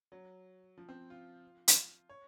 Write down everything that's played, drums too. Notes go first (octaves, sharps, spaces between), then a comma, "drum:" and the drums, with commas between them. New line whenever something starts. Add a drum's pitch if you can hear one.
F#3
F3
C4
F4
drum: hi-hat
C#5